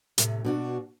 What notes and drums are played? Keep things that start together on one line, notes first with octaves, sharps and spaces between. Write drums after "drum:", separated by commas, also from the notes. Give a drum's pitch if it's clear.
A2 C3, drum: hi-hat
B2 D4 F#4